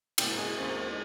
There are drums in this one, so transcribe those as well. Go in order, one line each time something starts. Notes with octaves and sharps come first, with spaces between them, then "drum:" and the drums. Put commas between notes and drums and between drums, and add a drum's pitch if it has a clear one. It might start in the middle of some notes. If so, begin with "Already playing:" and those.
G#1 G#2 B2 A#3 E4 G5, drum: cymbal
B2 E4 G#4 D#5 D#6 F#6
D#2 G#3 A#3 C4 C#4
G#3 D4 D#4